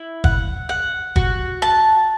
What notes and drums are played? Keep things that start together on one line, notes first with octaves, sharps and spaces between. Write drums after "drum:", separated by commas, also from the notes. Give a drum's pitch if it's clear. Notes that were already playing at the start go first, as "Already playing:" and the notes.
Already playing: E4
F#5, drum: kick
F#5
F#4, drum: kick
A5